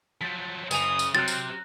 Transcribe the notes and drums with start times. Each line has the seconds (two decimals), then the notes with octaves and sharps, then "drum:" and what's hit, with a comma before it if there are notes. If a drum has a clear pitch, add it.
0.21 F3 F#3 A6 B6
0.71 F#1 C#3 G#5 D#6 F7, drum: tambourine
0.99 drum: tambourine
1.15 C3 F#3 C4 F6 F#6 A6
1.28 drum: tambourine